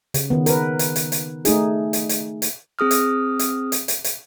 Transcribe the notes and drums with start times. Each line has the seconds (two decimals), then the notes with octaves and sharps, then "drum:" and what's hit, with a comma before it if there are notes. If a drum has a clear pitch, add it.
0.14 C#3, drum: hi-hat
0.30 D#3 B3
0.46 A#4 B4, drum: hi-hat
0.79 drum: hi-hat
0.96 drum: hi-hat
1.12 drum: hi-hat
1.45 A3 D#4 G#4, drum: hi-hat
1.93 drum: hi-hat
2.09 drum: hi-hat
2.42 drum: hi-hat
2.79 C4 G#4 D#6 F6
2.91 drum: hi-hat
3.39 drum: hi-hat
3.72 drum: hi-hat
3.88 drum: hi-hat
4.04 drum: hi-hat